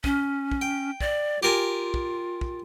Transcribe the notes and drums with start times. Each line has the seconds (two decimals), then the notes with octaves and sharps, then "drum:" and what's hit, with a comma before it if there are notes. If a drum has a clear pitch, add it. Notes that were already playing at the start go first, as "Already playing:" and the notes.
0.04 C#4, drum: kick
0.52 drum: kick
0.61 G5
1.01 D5, drum: kick
1.43 F4 G4 A#4 G#5
1.94 drum: kick
2.41 drum: kick